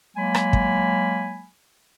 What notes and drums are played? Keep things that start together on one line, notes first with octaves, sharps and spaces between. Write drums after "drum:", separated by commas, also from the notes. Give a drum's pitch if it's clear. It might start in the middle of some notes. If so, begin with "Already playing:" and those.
F#3 G#3 A#3 G#5 B5
drum: rim click
drum: kick